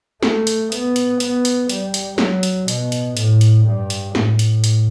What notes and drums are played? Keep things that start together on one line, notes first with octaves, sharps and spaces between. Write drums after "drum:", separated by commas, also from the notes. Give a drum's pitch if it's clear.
A3, drum: snare
drum: hi-hat
B3, drum: hi-hat
drum: hi-hat
B3, drum: hi-hat
drum: hi-hat
G3, drum: hi-hat
drum: hi-hat
F#3, drum: snare
drum: hi-hat
B2, drum: hi-hat
drum: hi-hat
A2, drum: hi-hat
drum: hi-hat
G2
drum: hi-hat
A2, drum: snare
drum: hi-hat
drum: hi-hat